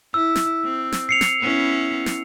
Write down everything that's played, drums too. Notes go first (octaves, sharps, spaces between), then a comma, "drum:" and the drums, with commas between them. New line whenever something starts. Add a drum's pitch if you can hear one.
E4 E6
drum: snare
C4
drum: snare
C7 C#7 F7
drum: snare
B3 C#4 E4
drum: snare